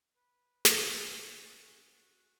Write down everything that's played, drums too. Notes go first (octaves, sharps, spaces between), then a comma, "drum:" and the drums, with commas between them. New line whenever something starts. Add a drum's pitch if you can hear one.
B4
drum: snare
C#4 F#4
F#4